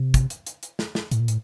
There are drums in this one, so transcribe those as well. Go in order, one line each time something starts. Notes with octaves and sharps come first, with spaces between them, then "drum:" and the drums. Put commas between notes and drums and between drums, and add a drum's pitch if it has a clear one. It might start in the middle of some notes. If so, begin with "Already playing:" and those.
Already playing: C3
drum: kick, hi-hat
drum: hi-hat
drum: hi-hat
drum: hi-hat
drum: snare
drum: snare
A2, drum: hi-hat
A#2
A2, drum: hi-hat